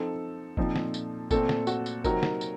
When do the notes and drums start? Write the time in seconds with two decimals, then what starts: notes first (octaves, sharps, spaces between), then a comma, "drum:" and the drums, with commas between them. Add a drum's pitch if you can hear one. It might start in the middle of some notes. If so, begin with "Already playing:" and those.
Already playing: F3 C4 D#4 A4
0.57 A#2 F3 C4 D#4, drum: kick F#1
0.76 drum: snare
0.94 drum: tambourine
1.31 A#2 A3 C4 A4, drum: kick F#1, tambourine
1.49 drum: snare
1.67 F#4, drum: tambourine
1.86 drum: tambourine
2.04 C3 F#3 C4 D#4 A#4, drum: kick F#1, tambourine
2.23 drum: snare
2.41 drum: tambourine